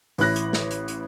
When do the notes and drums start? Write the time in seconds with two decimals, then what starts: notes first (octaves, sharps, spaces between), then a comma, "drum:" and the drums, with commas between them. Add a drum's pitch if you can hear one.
0.18 A1 E4 F#6 A#6, drum: open hi-hat
0.36 drum: hi-hat
0.53 drum: snare
0.71 drum: hi-hat
0.88 drum: hi-hat